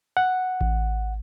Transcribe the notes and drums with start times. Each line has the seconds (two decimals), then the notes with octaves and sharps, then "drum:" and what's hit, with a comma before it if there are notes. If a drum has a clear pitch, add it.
0.17 F#5
0.61 drum: kick A1